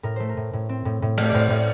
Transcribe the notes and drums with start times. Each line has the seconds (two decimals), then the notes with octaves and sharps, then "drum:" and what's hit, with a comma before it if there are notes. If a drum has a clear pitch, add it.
0.03 A2 A#4
0.16 A3 C5
0.29 A#4
0.37 A2
0.53 A2
0.69 C4
0.85 A2
1.02 A2
1.18 A3, drum: cymbal
1.29 D5
1.34 A2 C5
1.50 A2